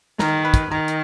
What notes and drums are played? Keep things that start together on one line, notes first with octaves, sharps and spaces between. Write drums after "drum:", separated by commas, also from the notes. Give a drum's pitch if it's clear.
D#3 A#4, drum: snare
B4
drum: kick, hi-hat
D#3 A#4
drum: hi-hat